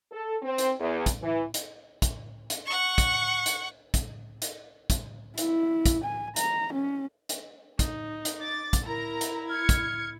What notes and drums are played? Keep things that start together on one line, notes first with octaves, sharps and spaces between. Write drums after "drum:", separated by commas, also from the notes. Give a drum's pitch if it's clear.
A4
C4
drum: hi-hat
E2
drum: kick, hi-hat
E3
drum: hi-hat
drum: kick, hi-hat
drum: hi-hat
F#5 C#6
drum: kick, hi-hat
drum: hi-hat
drum: kick, hi-hat
drum: hi-hat
drum: kick, hi-hat
E4, drum: hi-hat
drum: kick, hi-hat
G#5
A#5, drum: hi-hat
C#4
drum: hi-hat
D#4, drum: kick, hi-hat
drum: hi-hat
D6 A6
drum: kick, hi-hat
E4 A#4 A#5
drum: hi-hat
F6 G#6 C#7
drum: kick, hi-hat